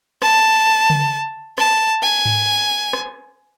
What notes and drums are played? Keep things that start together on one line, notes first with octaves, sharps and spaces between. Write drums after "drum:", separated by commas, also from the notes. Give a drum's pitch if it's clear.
A5, drum: rim click
drum: tom C#3
A5, drum: rim click
G#5
drum: tom G#2
drum: rim click